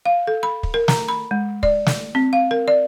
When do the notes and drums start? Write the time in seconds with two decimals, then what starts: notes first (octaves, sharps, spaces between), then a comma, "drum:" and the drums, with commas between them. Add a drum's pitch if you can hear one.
0.05 F5
0.27 A4
0.43 B5
0.63 drum: kick
0.74 A#4
0.88 A#5, drum: snare
1.09 B5
1.31 G#3
1.63 D5, drum: kick
1.86 drum: snare
2.15 C4
2.33 F5
2.51 A#4
2.68 D5